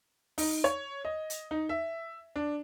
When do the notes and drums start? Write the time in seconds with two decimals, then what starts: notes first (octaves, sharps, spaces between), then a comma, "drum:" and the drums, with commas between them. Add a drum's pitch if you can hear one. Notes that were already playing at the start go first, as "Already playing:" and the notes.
0.38 D#4, drum: open hi-hat
0.64 C#5
1.05 D#5
1.30 drum: hi-hat
1.51 D#4
1.69 E5
2.36 D4